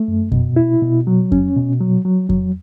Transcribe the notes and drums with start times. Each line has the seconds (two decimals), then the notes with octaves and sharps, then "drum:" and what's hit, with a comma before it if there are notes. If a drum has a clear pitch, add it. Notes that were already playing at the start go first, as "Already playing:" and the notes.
Already playing: A3
0.08 F#2
0.32 B2, drum: kick F2
0.56 E4
0.82 B2
1.07 F#3
1.32 C#4, drum: kick F2
1.56 B2
1.81 F#3
2.05 F#3
2.30 F#3, drum: kick F2